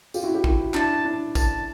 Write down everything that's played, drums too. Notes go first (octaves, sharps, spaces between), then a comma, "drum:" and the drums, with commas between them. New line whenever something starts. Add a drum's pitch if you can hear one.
F4 G4, drum: tambourine
E4 F#4
F4 G4
E4 F#4, drum: kick
D4 E4 A5, drum: clap
D4 E4
A5, drum: kick, tambourine